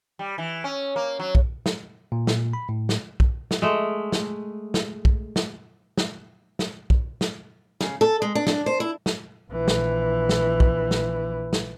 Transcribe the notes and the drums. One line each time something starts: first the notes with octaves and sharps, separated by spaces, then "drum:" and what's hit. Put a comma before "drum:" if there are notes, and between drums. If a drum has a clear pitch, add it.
G3
E3
C#4
A#3
F#3
drum: kick
drum: snare
A#2
drum: snare
B5
A2
drum: snare
drum: kick
drum: snare
G#3 A3
drum: snare
drum: snare
drum: kick
drum: snare
drum: snare
drum: snare
drum: kick
drum: snare
C#3, drum: snare
A4
G#3
D4
D4, drum: snare
C5
E4
drum: snare
A#1 E3
drum: snare
drum: snare
drum: kick
drum: snare
drum: snare